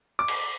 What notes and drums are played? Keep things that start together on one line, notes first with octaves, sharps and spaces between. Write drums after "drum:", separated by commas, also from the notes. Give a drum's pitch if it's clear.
D6
drum: cymbal